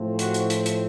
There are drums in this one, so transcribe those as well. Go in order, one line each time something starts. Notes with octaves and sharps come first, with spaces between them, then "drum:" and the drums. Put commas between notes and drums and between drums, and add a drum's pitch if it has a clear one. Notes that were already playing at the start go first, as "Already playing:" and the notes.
Already playing: A2 F3 A3 C4
F#4, drum: hi-hat
drum: hi-hat
drum: hi-hat
drum: hi-hat